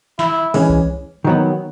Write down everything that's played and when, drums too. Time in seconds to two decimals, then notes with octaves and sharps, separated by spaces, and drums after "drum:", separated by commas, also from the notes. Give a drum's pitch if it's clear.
0.19 E4, drum: snare
0.54 E3 G#3 C#4, drum: open hi-hat
0.69 drum: kick C2
1.25 D#3 F#3 B3 D#4